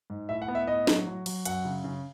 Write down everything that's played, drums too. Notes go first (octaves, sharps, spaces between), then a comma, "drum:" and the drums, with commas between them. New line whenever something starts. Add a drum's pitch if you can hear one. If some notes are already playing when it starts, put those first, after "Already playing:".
G#2
A2 E5
F#5
B3
E5
A2 D#5
F#3, drum: snare
F#3
F#3, drum: cymbal
F#2 F#5, drum: hi-hat
C#3
C#3